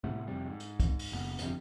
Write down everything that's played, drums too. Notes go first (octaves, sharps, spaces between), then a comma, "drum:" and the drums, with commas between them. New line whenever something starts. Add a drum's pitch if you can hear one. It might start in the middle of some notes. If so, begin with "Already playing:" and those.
A2 C3 A3 B3
F1 C3 G3
G#2
drum: hi-hat
drum: kick, hi-hat
drum: open hi-hat
F#1 B3
G1 F2 G#2 C3, drum: hi-hat